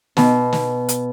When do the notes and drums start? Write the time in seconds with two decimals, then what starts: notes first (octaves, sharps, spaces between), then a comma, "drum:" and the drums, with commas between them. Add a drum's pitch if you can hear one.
0.17 B2, drum: snare
0.53 drum: snare
0.89 drum: hi-hat